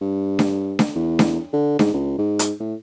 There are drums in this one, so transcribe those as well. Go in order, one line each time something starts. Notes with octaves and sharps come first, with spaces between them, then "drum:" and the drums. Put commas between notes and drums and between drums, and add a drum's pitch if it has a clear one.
G2
drum: snare D4
drum: snare D4
E2
drum: snare D4
D3
G#2, drum: snare D4
C#2
G#2
drum: hi-hat
A2